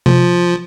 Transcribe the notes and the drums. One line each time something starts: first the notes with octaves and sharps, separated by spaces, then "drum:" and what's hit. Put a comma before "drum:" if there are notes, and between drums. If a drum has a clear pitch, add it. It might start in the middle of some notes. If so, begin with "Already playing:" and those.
F3, drum: tom C3